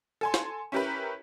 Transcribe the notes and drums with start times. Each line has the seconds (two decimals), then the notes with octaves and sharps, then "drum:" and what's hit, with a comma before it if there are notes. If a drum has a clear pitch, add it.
0.21 A4 G#5 C6
0.34 drum: snare
0.72 C#4 E4 G4 A#4 B4